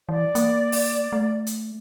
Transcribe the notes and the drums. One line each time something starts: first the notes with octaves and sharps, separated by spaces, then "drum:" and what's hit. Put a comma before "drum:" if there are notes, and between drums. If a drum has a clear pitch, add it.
E3 D5
A#3, drum: hi-hat
drum: open hi-hat
A3
drum: hi-hat